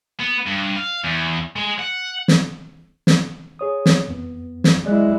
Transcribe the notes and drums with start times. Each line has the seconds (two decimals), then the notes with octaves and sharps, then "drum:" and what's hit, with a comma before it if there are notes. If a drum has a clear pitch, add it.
0.20 B3
0.47 G2
0.76 F5
1.04 E2
1.56 G#3
1.79 F#5
2.28 drum: snare
3.07 drum: snare
3.59 G#4 C#5 D#6
3.86 drum: snare
4.08 F2 B3
4.64 drum: snare
4.84 F#3 G#3 E4 D5 F#6